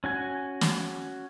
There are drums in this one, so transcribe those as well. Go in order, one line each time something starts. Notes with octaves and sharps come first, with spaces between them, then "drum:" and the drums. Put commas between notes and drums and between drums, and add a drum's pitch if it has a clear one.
C#4 F#4 G#5
drum: snare